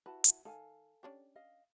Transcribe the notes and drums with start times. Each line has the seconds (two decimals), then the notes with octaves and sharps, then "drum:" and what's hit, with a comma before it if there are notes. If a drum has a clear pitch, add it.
0.06 E4 F#4 B4 A5
0.24 drum: hi-hat
0.45 D#3 A4 F5 G#5
1.03 C#4 D4 G4
1.36 D#5 F5